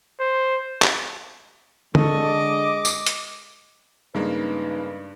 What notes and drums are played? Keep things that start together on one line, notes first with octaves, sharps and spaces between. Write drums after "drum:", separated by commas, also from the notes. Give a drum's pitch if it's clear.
C5
drum: clap
D3 G#3 A4 D#5 C#6, drum: tom D3
D6
drum: tambourine
drum: hi-hat
G2 C#3 G#3 A#3 D#4 B4